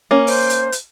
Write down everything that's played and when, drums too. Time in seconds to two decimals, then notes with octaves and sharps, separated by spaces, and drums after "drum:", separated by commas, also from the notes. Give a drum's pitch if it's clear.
0.11 A#3 C#4
0.27 C5, drum: open hi-hat
0.50 drum: hi-hat
0.72 drum: hi-hat